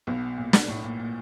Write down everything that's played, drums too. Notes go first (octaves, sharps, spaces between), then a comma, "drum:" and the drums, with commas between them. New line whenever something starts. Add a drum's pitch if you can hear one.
B1 B2
A#2
drum: snare
A2
A#2
A#2